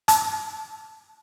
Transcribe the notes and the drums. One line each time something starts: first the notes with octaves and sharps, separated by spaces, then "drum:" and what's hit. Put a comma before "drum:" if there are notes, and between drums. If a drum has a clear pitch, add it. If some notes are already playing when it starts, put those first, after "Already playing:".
A5, drum: hi-hat